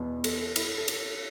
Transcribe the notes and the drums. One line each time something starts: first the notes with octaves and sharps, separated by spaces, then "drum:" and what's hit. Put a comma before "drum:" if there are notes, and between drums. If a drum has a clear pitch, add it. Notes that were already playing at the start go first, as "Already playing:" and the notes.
Already playing: E2 B2 B3
A4, drum: cymbal
E4, drum: cymbal
A4
A4
A4, drum: cymbal